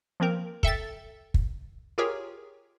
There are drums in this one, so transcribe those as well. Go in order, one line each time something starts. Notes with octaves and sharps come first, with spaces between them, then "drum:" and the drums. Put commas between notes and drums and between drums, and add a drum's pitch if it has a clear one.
F3 A#3 C4 A#4
A4 E5 G5 A6, drum: kick
drum: kick
F4 G4 G#4 A#4 C#5